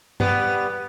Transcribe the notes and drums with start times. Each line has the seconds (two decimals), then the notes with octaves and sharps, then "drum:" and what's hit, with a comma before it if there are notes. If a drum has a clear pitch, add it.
0.20 G3 B3, drum: tom G2